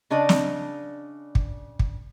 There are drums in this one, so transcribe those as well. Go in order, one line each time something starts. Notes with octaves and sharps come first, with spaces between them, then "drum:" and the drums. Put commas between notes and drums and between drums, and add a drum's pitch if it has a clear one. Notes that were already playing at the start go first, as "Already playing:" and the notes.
C#3 D4 D5 D#5
drum: snare
drum: kick
drum: kick